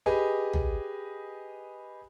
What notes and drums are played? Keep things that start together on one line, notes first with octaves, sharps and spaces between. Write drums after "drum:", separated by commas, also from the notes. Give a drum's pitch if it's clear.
G4 G#4 B4 D#5
drum: tom